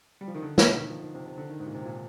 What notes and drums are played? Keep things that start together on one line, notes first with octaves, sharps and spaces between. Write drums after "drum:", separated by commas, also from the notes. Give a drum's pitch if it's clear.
G3
F3
D#3
D3
D3, drum: snare
D#3
F3
D#3
C3
C3
D3
D#3
G#2
A#2
C3
A#2